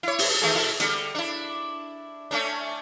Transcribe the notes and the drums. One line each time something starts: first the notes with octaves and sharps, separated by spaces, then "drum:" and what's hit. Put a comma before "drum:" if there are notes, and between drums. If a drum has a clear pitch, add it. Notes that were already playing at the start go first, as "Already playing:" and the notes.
E4 C#5
drum: open hi-hat
D#3 A3 G#4
B2 E4 A4
D3 G3, drum: hi-hat
D4 E4
A3 C#4 D4